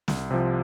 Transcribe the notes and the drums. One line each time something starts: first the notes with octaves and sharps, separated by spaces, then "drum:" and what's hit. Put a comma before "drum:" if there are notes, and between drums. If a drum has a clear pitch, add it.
C2, drum: snare
C3 F3